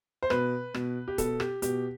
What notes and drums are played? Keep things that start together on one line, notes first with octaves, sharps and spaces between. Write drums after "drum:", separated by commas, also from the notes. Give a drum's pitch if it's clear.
C5
B2 B4, drum: rim click
B2, drum: rim click
G4
B2 A4, drum: kick, hi-hat
G4, drum: rim click
B2 G4, drum: hi-hat